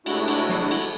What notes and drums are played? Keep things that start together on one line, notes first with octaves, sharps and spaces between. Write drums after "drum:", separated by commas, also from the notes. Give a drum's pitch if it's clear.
C3 G#3 A3 D4 E4 F#4, drum: cymbal
drum: cymbal
drum: snare
drum: cymbal